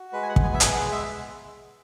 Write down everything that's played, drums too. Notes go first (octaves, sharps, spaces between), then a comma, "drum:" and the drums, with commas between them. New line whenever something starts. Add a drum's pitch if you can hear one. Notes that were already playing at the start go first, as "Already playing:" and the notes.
Already playing: F#4
G#3 B4
G#5
F#5
B3, drum: kick
G#5
E5
G#4 F#5, drum: hi-hat
F#5
G#3
E5